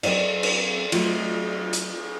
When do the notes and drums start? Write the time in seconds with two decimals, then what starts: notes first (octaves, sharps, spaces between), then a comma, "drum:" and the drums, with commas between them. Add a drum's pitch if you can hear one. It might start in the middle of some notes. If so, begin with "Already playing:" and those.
0.03 F#3 C4 D5 D#5, drum: cymbal
0.43 drum: cymbal
0.92 F#3 A3 F4 F#4, drum: cymbal
1.73 drum: hi-hat